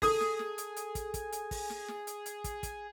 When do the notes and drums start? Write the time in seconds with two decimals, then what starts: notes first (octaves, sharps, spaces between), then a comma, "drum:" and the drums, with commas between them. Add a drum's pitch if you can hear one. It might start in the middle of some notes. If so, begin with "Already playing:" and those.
0.02 G#4 A4 D#6, drum: kick, open hi-hat
0.21 drum: snare
0.39 drum: snare
0.58 drum: hi-hat
0.76 drum: hi-hat
0.95 drum: kick, hi-hat
1.14 drum: kick, hi-hat
1.32 drum: hi-hat
1.51 drum: kick, open hi-hat
1.70 drum: snare
1.88 drum: snare
2.07 drum: hi-hat
2.26 drum: hi-hat
2.44 drum: kick, hi-hat
2.63 drum: kick, hi-hat